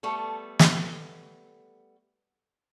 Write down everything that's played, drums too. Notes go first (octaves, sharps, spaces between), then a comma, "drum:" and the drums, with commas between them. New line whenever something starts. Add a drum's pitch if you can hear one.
G3 A3 B3 A4
drum: snare